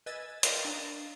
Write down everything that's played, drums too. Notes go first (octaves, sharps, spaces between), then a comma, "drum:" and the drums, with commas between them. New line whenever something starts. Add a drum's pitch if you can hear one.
B4 D#5 G#5 E6 G#6 A6
A#4 B4 D5 D#5 F5 G5, drum: hi-hat
D4 A#5 D#6 E6 A6